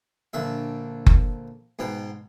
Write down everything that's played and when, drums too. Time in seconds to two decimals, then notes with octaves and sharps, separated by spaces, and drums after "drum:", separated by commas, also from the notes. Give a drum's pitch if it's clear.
0.33 A#1 D3 E5
1.06 drum: kick F#1
1.79 G#2 B2 G5